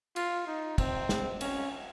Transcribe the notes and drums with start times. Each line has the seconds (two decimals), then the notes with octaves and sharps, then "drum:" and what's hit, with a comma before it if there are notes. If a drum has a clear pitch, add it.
0.16 F4, drum: cymbal
0.47 D#4
0.78 C4, drum: kick, cymbal
1.09 drum: snare
1.41 C#4, drum: cymbal